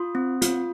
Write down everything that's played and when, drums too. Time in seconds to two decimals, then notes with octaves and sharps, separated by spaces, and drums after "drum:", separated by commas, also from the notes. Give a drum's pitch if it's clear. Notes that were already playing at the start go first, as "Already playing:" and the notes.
Already playing: F4 C6 D#6
0.15 C4
0.42 F4, drum: hi-hat